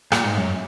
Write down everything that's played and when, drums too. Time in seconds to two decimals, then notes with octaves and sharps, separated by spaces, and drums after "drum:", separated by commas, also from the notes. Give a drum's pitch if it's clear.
0.12 A#2, drum: rim click
0.24 G#2
0.37 F#2